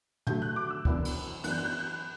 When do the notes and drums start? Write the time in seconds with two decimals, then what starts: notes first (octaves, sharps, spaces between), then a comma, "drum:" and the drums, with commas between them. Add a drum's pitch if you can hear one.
0.27 D3 F#3 A3 G6, drum: tom
0.42 F#6
0.56 D6
0.70 E6
0.85 F#2 E3 B3 D4, drum: kick
1.05 drum: cymbal
1.44 F#2 E3 B3 D4 F#6, drum: cymbal
1.51 G6
1.58 F#6
1.65 G6
1.73 F#6
1.80 G6
1.87 F#6